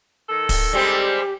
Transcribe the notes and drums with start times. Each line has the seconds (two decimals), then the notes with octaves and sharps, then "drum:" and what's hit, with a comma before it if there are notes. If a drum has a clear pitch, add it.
0.29 D#3 A4
0.49 drum: kick, open hi-hat
0.73 G3 G#3 C4 G4